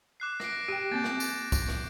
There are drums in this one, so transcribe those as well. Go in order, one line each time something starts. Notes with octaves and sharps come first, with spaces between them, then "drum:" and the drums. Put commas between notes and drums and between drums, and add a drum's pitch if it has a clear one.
D6 F#6 C7
A#6 C7 D7, drum: rim click
G4 G5
A#3 C4 G6 A6
drum: rim click
drum: tambourine
drum: kick, tambourine
drum: rim click